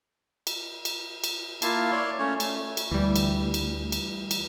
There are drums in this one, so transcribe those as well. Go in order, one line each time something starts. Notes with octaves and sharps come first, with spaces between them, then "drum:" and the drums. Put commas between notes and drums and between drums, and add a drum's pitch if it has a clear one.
drum: cymbal
drum: cymbal
drum: cymbal
A#3 E4 F4 F5 A5, drum: cymbal
C#5 D5 C6
A3 C#4 C#5
A3, drum: cymbal
drum: cymbal
D2 E3 G3
drum: cymbal
drum: cymbal
drum: cymbal
drum: cymbal